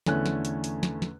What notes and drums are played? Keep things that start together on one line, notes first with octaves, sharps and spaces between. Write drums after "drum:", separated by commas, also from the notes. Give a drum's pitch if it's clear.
E2 D3 A3 C#4 G#5 F#6, drum: snare
drum: snare
drum: hi-hat
drum: hi-hat
drum: snare
drum: snare